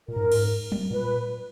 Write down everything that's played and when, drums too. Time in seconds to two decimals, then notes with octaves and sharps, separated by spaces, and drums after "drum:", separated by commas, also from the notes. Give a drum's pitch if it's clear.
0.08 A#2 A#4
0.16 G#2
0.24 F#2
0.32 G#2, drum: cymbal
0.72 drum: tom F#3
0.91 A#2 B4